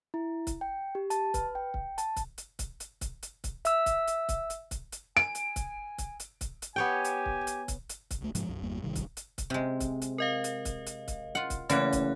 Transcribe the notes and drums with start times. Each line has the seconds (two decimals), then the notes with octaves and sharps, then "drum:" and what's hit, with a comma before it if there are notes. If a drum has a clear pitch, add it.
0.14 E4
0.47 drum: kick C#1, hi-hat
0.61 G5
0.95 G4
1.10 A5, drum: hi-hat
1.34 B4, drum: kick C#1, hi-hat
1.55 G5
1.74 drum: kick C#1
1.98 A5, drum: hi-hat
2.16 drum: kick C#1, hi-hat
2.38 drum: hi-hat
2.59 drum: kick C#1, hi-hat
2.80 drum: hi-hat
3.01 drum: kick C#1, hi-hat
3.23 drum: hi-hat
3.44 drum: kick C#1, hi-hat
3.65 E5 E6, drum: hi-hat
3.86 drum: kick C#1, hi-hat
4.07 drum: hi-hat
4.29 drum: kick C#1, hi-hat
4.50 drum: hi-hat
4.71 drum: kick C#1, hi-hat
4.92 drum: hi-hat
5.17 G#5 D7
5.35 drum: hi-hat
5.56 drum: kick C#1, hi-hat
5.98 drum: kick C#1, hi-hat
6.20 drum: hi-hat
6.41 drum: kick C#1, hi-hat
6.62 drum: hi-hat
6.76 B3 G4 C#5 G5 G#5
7.04 drum: hi-hat
7.26 drum: kick C#1
7.47 drum: hi-hat
7.68 drum: kick C#1, hi-hat
7.89 drum: hi-hat
8.11 drum: kick C#1, hi-hat
8.21 C#2 A3
8.35 G#2 C3 F3 G#3, drum: hi-hat
8.49 B1 F#2
8.62 G1 E2 G3 A#3
8.82 G#1 C3 D#3 G3
8.95 drum: kick C#1, hi-hat
9.17 drum: hi-hat
9.38 drum: kick C#1, hi-hat
9.50 C3 G#3
9.80 drum: kick C#1, hi-hat
10.02 drum: hi-hat
10.18 A#4 D#5 F5
10.44 drum: hi-hat
10.65 drum: kick C#1, hi-hat
10.86 drum: hi-hat
11.08 drum: kick C#1, hi-hat
11.35 F4 F#5
11.50 drum: kick C#1, hi-hat
11.69 C#3 E3 A3 A#3 F#5 F#6, drum: hi-hat
11.93 drum: kick C#1, hi-hat